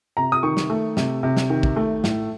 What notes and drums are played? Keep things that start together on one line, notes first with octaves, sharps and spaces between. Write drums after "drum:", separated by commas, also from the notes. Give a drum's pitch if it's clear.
C3 A#5
D#6
D#3 C#6
drum: snare
A3
C3, drum: snare
C3
drum: snare
D#3
drum: kick
A3
A2, drum: snare